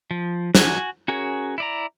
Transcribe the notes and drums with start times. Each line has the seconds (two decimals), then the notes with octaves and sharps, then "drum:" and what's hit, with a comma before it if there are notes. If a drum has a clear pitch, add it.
0.11 F3
0.55 F#4 G#5, drum: snare
1.08 C#4 F#4 G#4 A#4 C#5
1.58 E4 D5 A#5